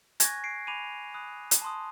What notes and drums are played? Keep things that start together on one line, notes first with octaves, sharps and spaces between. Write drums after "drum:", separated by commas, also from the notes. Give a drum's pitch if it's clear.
G#5 C#6 F#6 G#6 A#6, drum: hi-hat
C7 D7
G#5 B5 D6 D#7 F7
B5 D#6 F#6
drum: hi-hat
A5 C6 D#6